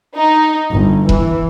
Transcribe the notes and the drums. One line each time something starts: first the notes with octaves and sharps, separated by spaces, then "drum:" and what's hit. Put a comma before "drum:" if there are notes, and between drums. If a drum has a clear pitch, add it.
D#4
G1
E3, drum: kick E1